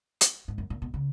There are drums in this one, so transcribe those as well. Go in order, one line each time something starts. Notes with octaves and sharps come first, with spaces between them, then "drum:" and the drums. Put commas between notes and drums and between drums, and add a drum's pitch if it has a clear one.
drum: hi-hat
G#2
F#2
A#2
B2
C#3